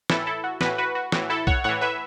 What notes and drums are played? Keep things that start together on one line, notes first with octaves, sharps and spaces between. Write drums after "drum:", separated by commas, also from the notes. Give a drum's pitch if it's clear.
A2 E3 E4 A4, drum: snare
E4 A4
F#4
A2 E3 F#4 B4, drum: snare
F#4 B4
F#4
A2 E3 F#4, drum: snare
E4 A4
C#5 F#5, drum: kick
A2 E3 C#5 F#5
B4 E5